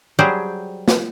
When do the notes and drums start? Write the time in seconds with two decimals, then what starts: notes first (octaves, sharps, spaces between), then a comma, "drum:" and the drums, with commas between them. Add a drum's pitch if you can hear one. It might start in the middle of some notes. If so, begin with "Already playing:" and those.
0.19 F#3 G3 G4 G#4 C5
0.88 drum: snare